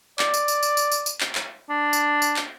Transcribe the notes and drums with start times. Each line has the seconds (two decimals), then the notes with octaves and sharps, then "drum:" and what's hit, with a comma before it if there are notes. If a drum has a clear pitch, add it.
0.19 D5, drum: clap
0.34 drum: tambourine
0.48 drum: tambourine
0.63 drum: tambourine
0.77 drum: tambourine
0.92 drum: tambourine
1.06 drum: tambourine
1.21 drum: clap
1.35 drum: clap
1.69 D4
1.93 drum: tambourine
2.22 drum: tambourine
2.36 drum: clap